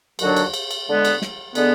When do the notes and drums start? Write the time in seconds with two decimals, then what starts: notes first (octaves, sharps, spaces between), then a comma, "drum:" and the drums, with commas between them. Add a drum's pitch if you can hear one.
0.19 D#2 D3 F#3 D4 F#4, drum: cymbal
0.36 drum: cymbal
0.54 drum: cymbal
0.71 drum: cymbal
0.88 D3 G#3 B3
1.05 drum: cymbal
1.22 drum: snare
1.55 D3 G#3 B3, drum: cymbal